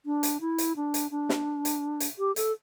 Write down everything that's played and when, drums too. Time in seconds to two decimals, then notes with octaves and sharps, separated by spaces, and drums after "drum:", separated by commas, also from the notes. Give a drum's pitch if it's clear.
0.06 D4
0.23 drum: hi-hat
0.41 E4
0.58 drum: hi-hat
0.76 D4
0.94 drum: hi-hat
1.11 D4
1.29 drum: snare
1.65 drum: hi-hat
2.00 drum: hi-hat
2.19 G4
2.36 A4, drum: hi-hat